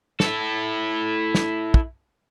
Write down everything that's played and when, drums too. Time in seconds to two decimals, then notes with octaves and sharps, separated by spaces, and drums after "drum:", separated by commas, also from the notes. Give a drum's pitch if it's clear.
0.20 E4 A4, drum: snare
1.35 drum: snare
1.74 drum: kick